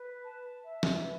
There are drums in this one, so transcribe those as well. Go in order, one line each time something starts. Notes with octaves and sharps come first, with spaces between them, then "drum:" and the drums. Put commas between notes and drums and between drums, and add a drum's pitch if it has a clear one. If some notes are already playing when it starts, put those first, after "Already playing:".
Already playing: B4
A5
E5
drum: snare
B4